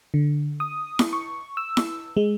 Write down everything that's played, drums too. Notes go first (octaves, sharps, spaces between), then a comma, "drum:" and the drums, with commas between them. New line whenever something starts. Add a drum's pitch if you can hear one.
D3
D#6
drum: snare E4
C#6
E6
drum: snare E4
G#3